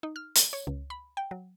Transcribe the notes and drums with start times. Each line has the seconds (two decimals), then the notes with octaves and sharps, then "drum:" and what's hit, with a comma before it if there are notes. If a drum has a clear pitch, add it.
0.03 D#4
0.16 F6
0.35 drum: hi-hat
0.53 C#5
0.67 C#2
0.90 B5
1.17 G5
1.31 F#3